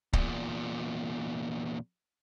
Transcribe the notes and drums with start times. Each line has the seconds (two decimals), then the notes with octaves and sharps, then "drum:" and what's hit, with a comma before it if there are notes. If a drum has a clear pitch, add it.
0.13 E2 A#2, drum: kick C#1